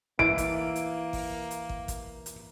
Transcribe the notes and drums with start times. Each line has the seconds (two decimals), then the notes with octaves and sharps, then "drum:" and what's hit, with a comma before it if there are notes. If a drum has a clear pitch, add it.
0.19 E3 A#3 D7, drum: kick
0.38 drum: kick, hi-hat
0.76 drum: hi-hat
1.13 drum: kick, open hi-hat
1.51 drum: hi-hat
1.69 drum: kick
1.88 drum: kick, hi-hat
2.26 drum: hi-hat